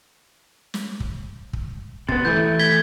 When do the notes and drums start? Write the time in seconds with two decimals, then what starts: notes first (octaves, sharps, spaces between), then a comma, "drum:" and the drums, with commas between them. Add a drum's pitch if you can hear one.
0.74 drum: snare
1.00 drum: kick
1.53 drum: kick
2.09 C3 B3 A6, drum: kick
2.25 E3 A3 G6
2.59 G#6 B6 G7